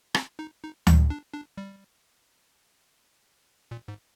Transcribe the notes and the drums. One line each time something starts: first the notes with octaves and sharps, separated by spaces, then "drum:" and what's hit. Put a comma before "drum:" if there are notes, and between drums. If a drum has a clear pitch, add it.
C4, drum: rim click
D#4
D#4
D#4, drum: tom D2
D4
D4
G3
A#2
G#2